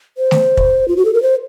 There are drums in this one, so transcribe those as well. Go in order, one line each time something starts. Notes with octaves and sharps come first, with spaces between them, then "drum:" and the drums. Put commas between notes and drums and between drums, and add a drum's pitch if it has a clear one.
C5
drum: snare A3
drum: kick
F4
F#4
A4
A#4
C5